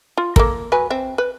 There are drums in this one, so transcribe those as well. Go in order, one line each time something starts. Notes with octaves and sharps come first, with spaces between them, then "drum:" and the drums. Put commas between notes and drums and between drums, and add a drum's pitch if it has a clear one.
F4
A#3 A4 A#4, drum: kick
F#3 B4 G#5
C4 E5
B4